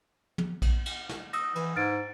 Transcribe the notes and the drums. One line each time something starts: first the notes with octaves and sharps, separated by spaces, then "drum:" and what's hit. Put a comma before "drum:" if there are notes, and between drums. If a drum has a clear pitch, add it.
drum: tom
drum: kick A#1, cymbal
drum: cymbal
drum: snare
D#6 E6 A#6, drum: cymbal
E3, drum: cymbal
G#2 F6 A6 D7